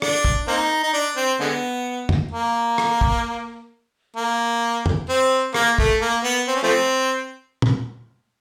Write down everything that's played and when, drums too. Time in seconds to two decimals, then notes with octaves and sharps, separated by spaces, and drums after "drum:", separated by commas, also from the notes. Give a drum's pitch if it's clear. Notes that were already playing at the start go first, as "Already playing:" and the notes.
0.02 D4, drum: rim click
0.25 drum: kick
0.48 A#3 C4 D#4
0.83 D#4
0.93 D4
1.16 C4
1.40 D3 G#3 B3
2.09 drum: tom
2.32 A#3
2.78 drum: rim click
3.01 drum: kick
4.16 A#3
4.86 drum: tom
5.09 C4
5.54 A#3, drum: rim click
5.78 A3, drum: kick
6.01 A#3
6.24 B3
6.48 C4
6.55 C#4
6.63 F3 A3 C4
7.62 drum: tom